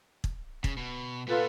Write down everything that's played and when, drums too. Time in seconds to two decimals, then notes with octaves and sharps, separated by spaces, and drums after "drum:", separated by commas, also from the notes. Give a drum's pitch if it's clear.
0.24 drum: kick
0.64 C#3, drum: kick
0.77 B2
1.28 A#2 B3 F4 A4 B4